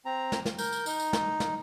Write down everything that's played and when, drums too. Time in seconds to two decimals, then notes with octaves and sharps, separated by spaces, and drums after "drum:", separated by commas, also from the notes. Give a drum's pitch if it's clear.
0.05 C4 A#5
0.32 drum: snare
0.46 drum: snare
0.58 A#4 G6, drum: tambourine
0.73 drum: tambourine
0.86 D#4, drum: tambourine
1.00 drum: tambourine
1.13 drum: snare
1.40 drum: snare